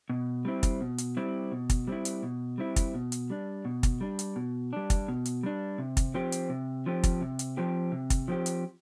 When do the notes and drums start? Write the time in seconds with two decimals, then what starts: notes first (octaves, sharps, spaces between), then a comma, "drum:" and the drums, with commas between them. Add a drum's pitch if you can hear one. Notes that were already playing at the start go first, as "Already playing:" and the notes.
0.10 B2
0.45 G3 C4 E4
0.63 drum: kick, hi-hat
0.81 B2
0.98 drum: hi-hat
1.17 G3 C4 E4
1.52 B2
1.70 drum: kick, hi-hat
1.87 G3 C4 E4
2.05 drum: hi-hat
2.23 B2
2.58 G3 C4 E4
2.76 drum: kick, hi-hat
2.94 B2
3.12 drum: hi-hat
3.30 G3 D4
3.65 B2
3.83 drum: kick, hi-hat
4.01 G3 D4
4.19 drum: hi-hat
4.36 B2
4.73 G3 D4
4.90 drum: kick, hi-hat
5.08 B2
5.26 drum: hi-hat
5.43 G3 D4
5.78 C3
5.97 drum: kick, hi-hat
6.14 F3 C4 G4
6.32 drum: hi-hat
6.49 C3
6.86 F3 C4 G4
7.03 drum: kick, hi-hat
7.21 C3
7.39 drum: hi-hat
7.57 F3 C4 G4
7.92 C3
8.10 drum: kick, hi-hat
8.28 F3 C4 G4
8.46 drum: hi-hat